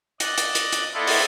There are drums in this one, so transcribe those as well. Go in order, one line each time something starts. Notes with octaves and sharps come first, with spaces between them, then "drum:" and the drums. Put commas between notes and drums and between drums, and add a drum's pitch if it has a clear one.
D5 D#5 F#6 A#6, drum: hi-hat
drum: hi-hat
drum: hi-hat
drum: hi-hat
B3 E4 F4 A4 D5 D#5
drum: open hi-hat